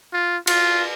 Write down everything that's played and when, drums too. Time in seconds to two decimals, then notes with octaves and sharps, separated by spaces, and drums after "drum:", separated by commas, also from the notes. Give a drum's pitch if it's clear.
0.13 F4
0.47 F4, drum: cymbal